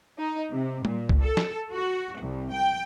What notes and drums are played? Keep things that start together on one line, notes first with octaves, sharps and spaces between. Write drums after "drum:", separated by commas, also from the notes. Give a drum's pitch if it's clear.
D#4
C3
A#2, drum: tom G3
drum: kick C2
A4
drum: snare
F#4
C2
G5